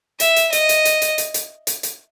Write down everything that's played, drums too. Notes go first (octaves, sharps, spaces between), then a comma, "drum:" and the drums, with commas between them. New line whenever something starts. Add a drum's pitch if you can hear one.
E5, drum: hi-hat
drum: hi-hat
D#5, drum: hi-hat
drum: hi-hat
drum: hi-hat
drum: hi-hat
drum: hi-hat
drum: hi-hat
drum: hi-hat
drum: hi-hat